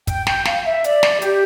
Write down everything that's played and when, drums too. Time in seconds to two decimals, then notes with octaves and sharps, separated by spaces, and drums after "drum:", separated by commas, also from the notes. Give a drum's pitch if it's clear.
0.07 G5, drum: kick, hi-hat
0.27 G5, drum: snare
0.45 F5, drum: snare
0.65 E5
0.84 D5, drum: hi-hat
1.03 drum: snare
1.22 G4, drum: hi-hat